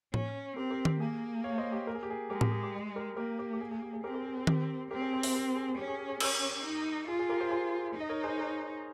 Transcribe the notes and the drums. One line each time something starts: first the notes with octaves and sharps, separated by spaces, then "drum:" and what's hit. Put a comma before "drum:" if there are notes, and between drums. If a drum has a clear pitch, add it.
C#4, drum: tom A2
C4 G4 A#4
G4 A#4
G4, drum: tom D#3
A#3 G#4
C#5 F5
C5 D#5
G4
A#4
G#4
G4
G#4
G#3 G4 A#4
G4, drum: tom A2
G#4
G4
G4 A#4
A#3 G4 A#4
G4 A#4
G4
G#4
G#4
G4
G#4
C4 G4 A#4
G4 A#4
G#4
G#4
G4 A#4, drum: tom D#3
C4 G4 A#4
G#4 C5
G#4 C5
G#4 C5, drum: open hi-hat
G4 A#4
G#4
C#4 G4
G#4
G#4
G#4
C#4 G4 A#4, drum: cymbal
D#4
F4 G#4
G#4
G4 A#4
G#4 C5
G#4 C5
D#4
D#5
A#4 C#5
G#4 C5
A#4 C#5